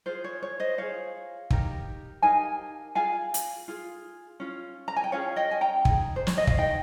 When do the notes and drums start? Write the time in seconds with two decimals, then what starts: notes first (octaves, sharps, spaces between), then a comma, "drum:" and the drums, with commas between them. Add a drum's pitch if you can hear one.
0.06 F4 G#4 C5
0.24 C#5
0.43 C#5
0.60 C5 D#5
0.78 F4 G#4 C#5 F5
1.50 D#4 G4 A#4, drum: kick
2.22 D#4 G4 A#4 F5 G#5
2.95 F4 G#4 F5 G#5
3.34 drum: hi-hat
3.68 F4 G#4
4.40 C#4 F4
4.88 A#5
4.96 G#5
5.04 G5
5.12 C#4 F4 G#4 C#5 F5
5.36 D#5 G5
5.51 G#5
5.61 G5 A#5
5.85 D#4 G#4, drum: kick
6.16 C5
6.27 C#5, drum: snare
6.38 D#5
6.47 F5, drum: kick
6.58 D#4 G#4 D#5 G5